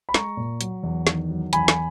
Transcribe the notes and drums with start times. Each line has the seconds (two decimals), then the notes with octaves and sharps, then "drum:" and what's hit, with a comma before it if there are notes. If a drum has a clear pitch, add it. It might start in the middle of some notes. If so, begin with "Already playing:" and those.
0.09 B5
0.14 G#3 A#5 C#6, drum: snare
0.37 A#2
0.61 F#3, drum: hi-hat
0.83 E2
1.07 D#3, drum: snare
1.30 F#3
1.53 E2 G#5 B5, drum: hi-hat
1.68 drum: snare